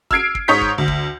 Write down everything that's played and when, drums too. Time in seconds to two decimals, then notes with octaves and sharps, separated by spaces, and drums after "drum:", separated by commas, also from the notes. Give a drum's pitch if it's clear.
0.11 E6 F6 G#6 C7 D7, drum: kick
0.35 drum: kick
0.48 G#2 C#5 D#6 G6 B6
0.61 drum: kick
0.78 D2
0.88 drum: kick